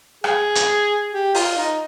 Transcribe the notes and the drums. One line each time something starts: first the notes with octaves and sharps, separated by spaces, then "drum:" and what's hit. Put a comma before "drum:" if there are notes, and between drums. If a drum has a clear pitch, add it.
G#4, drum: rim click
drum: hi-hat
G4
F4, drum: open hi-hat
D#4